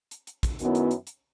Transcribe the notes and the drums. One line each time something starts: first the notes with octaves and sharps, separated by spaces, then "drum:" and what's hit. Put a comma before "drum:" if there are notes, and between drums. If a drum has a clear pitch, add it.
drum: hi-hat
drum: hi-hat
drum: kick, hi-hat
F#2 D#3 F#3 B3 E4, drum: hi-hat
drum: hi-hat
drum: hi-hat
drum: hi-hat